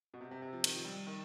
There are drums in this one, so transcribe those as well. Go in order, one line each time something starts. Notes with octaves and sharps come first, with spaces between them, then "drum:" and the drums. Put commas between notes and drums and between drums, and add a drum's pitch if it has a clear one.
B2
C3
C3
C3
F3
D#3, drum: cymbal
F3
G3
D#3